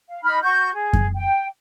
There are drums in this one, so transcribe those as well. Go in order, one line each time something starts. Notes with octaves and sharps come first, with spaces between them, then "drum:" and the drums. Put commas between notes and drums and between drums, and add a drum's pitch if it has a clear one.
F5
D#4 B5 F6
F#4 C#6 G6
G#4
drum: kick F#2
G5